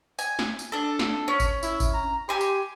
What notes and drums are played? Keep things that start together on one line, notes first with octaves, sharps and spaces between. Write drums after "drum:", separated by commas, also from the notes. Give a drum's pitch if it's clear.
G#5, drum: tambourine
drum: snare
drum: tambourine
D4 A4
drum: snare
C#4
drum: kick G#1, tambourine
E4, drum: tambourine
drum: kick G#1, tambourine
A#5
G4 G#5 C6
drum: tambourine